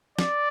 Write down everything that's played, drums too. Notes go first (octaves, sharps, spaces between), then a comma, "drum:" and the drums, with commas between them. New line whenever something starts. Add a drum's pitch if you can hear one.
D5, drum: snare